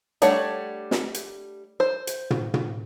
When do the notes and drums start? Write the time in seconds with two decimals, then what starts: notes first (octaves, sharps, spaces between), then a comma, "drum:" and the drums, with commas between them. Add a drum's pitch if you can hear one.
0.22 G3 A3 D4 C#5 F#5, drum: hi-hat
0.91 drum: snare
1.14 drum: hi-hat
1.80 C5
2.07 drum: hi-hat
2.30 drum: tom
2.54 drum: tom